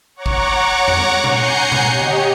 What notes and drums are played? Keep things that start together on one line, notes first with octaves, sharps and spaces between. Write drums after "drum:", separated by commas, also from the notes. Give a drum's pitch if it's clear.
C#5 F#5 A#5 C#6 D6
drum: kick
drum: tom E2
F#5 G#5 A#5 G6 C7 C#7, drum: tom A#2
drum: tom A#2
G4 C#5 D#5
drum: tom